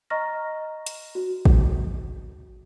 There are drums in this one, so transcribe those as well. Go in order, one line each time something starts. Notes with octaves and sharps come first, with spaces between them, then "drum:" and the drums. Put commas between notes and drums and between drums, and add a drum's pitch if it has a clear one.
D#5 A#5 C#6 F6 A#6
drum: hi-hat
F#4
drum: kick